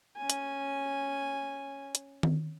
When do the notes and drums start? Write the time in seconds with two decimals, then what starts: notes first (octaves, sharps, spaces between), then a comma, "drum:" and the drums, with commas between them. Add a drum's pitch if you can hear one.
0.17 C#4 G#5
0.30 drum: hi-hat
1.95 drum: hi-hat
2.23 drum: tom D#3